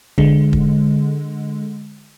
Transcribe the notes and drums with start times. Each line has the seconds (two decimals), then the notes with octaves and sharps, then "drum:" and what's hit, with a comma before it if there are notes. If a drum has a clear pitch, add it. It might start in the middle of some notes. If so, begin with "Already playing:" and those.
0.18 D3 G#3, drum: kick
0.53 drum: kick